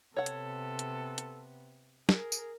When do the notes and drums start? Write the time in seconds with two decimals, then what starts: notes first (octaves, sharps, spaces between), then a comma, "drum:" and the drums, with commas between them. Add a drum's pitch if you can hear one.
0.17 C3 B3 A4 C#5 F#5
0.26 drum: hi-hat
0.79 drum: hi-hat
1.18 drum: hi-hat
2.09 G#4 A#4, drum: snare
2.32 drum: tambourine